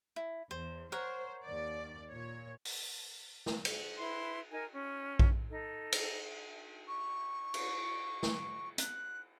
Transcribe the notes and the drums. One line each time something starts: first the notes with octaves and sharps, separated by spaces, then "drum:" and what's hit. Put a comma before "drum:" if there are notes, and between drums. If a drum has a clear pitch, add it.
E4
E2 C5
A#4 C5 C#5 F#5
D#2 D5
A#2 C#5
drum: open hi-hat
drum: snare
drum: cymbal
E4 B4 C6
D#4 A#4 G#5
C#4
drum: kick A#1
D#4 A4
drum: cymbal
C#6
drum: cymbal
drum: snare
F#6, drum: hi-hat